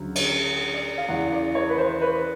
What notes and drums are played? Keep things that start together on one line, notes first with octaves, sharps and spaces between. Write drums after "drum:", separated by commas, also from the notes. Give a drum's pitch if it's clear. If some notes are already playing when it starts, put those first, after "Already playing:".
Already playing: D2 C#3 F#3
C#5, drum: cymbal
D5
F5
E2 C#3 E3 F#5
D5
C#5
B4
C5
B4